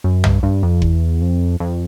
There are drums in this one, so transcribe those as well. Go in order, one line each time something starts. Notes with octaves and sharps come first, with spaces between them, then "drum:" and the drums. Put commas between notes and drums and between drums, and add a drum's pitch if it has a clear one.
F#2
G2, drum: tom B1
G2
F2
E2, drum: kick F#1
F2
F2